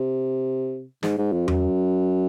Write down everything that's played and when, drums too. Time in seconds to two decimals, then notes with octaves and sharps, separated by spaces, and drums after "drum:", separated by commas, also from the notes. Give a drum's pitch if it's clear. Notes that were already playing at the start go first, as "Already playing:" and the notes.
Already playing: C3
1.03 G#2, drum: snare
1.18 G#2
1.32 F2
1.48 F#2, drum: tom E2